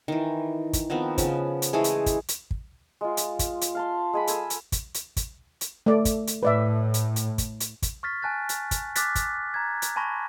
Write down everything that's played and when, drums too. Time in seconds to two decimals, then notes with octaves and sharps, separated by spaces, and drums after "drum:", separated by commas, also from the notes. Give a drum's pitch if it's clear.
0.08 D#3 E3
0.73 drum: kick, hi-hat
0.90 D#3 F3 B3 C4
1.18 C#3 F3 B3, drum: kick, hi-hat
1.62 drum: hi-hat
1.73 E3 G#3 A3 G#4
1.84 drum: hi-hat
2.06 drum: kick, hi-hat
2.28 drum: hi-hat
2.51 drum: kick
3.01 G#3 F4
3.17 drum: hi-hat
3.39 drum: kick, hi-hat
3.61 drum: hi-hat
3.75 F5 A5 C6
4.13 G#3 G#4 B5
4.27 A4 G#5 E6, drum: hi-hat
4.50 drum: hi-hat
4.72 drum: kick, hi-hat
4.94 drum: hi-hat
5.17 drum: kick, hi-hat
5.61 drum: hi-hat
5.86 A3 D5
6.05 drum: kick, hi-hat
6.27 drum: hi-hat
6.43 A2 B4 D5 E5
6.94 drum: hi-hat
7.16 drum: hi-hat
7.38 drum: kick, hi-hat
7.60 drum: hi-hat
7.82 drum: kick, hi-hat
8.03 C#6 F6 A6 B6
8.22 G#5 A5 F#6 A6
8.49 drum: hi-hat
8.71 drum: kick, hi-hat
8.95 D6 F6 F#6 A6 B6, drum: hi-hat
9.15 drum: kick, hi-hat
9.54 A#5 G#6
9.82 drum: hi-hat
9.96 G#5 A5 B5 C#6 A#6